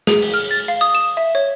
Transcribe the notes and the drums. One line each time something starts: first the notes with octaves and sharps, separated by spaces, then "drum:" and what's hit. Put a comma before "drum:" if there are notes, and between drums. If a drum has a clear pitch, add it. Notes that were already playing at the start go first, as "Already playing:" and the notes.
G#4, drum: snare
drum: open hi-hat
F6
A6
F5
D#6
E7
E5
C#5